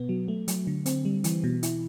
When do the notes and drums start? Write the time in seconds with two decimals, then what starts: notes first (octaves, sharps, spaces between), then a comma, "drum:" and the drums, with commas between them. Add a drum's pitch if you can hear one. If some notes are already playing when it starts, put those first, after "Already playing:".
Already playing: B2 B3
0.09 F#3
0.28 A3
0.48 F#3, drum: hi-hat
0.67 D3
0.86 C4, drum: hi-hat
1.05 G3
1.24 E3, drum: hi-hat
1.44 B2
1.63 E4, drum: hi-hat